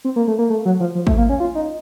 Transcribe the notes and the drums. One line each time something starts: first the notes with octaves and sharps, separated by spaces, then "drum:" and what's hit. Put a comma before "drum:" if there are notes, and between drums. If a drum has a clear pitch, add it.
C4
A#3
A3
A#3
A3
F#3
F3
F3
A3, drum: kick
A#3
C#4
F4
D#4